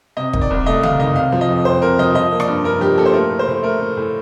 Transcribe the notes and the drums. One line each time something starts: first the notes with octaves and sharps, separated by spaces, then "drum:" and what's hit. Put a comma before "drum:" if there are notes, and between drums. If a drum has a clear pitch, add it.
C3 D#5
D#3, drum: kick
D5
C2
A3 D#5
C3 F5, drum: tom C#3
D#3 D#5
C3 F5
F3
D#5
F2
F2 C5
C3 A#4
F3 D#5
F3 D#5
A#3
D5, drum: rim click
G2
G2 A#4
F3 G4
A#3 A4
C5
A3 A#4
A2
C5
A2
A3 A#4
A3
A2